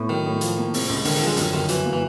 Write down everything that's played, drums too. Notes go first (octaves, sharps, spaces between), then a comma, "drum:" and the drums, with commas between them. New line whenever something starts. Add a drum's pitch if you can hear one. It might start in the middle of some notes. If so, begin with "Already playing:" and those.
Already playing: A2 B3
D#3 F#3
A2
F3, drum: hi-hat
A#3
C3, drum: open hi-hat
C#2
D3 D#3, drum: open hi-hat
D#3
F3
G#3
F#2 D#3, drum: hi-hat
G1 D#3
E3 F#3, drum: hi-hat
A#3
E3